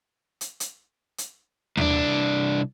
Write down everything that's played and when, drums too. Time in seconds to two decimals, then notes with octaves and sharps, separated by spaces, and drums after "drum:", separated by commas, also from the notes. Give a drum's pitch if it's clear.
0.41 drum: hi-hat
0.60 drum: hi-hat
1.18 drum: hi-hat
1.77 C2 D4, drum: tom D#2